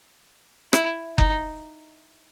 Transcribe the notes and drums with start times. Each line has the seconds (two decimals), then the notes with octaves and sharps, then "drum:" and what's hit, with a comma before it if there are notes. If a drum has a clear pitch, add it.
0.73 E4, drum: rim click
1.18 D#4, drum: kick F#1